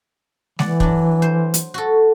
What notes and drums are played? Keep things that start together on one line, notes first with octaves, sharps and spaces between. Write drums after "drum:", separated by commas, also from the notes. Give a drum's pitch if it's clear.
E3 D5 F#5, drum: snare G#3
F#3 D4, drum: kick
C5
drum: hi-hat
F#4 A4